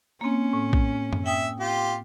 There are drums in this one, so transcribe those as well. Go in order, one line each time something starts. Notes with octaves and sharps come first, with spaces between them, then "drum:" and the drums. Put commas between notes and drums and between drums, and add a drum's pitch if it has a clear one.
A#3 C4 C#4
A2
drum: kick
drum: tom F#2
E5 G5 D#6
F4 G4